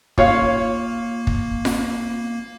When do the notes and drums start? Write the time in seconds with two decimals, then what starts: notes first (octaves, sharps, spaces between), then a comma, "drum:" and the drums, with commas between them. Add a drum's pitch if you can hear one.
0.18 A#3 F4 C#5 F5, drum: kick
1.27 drum: kick
1.65 drum: snare F4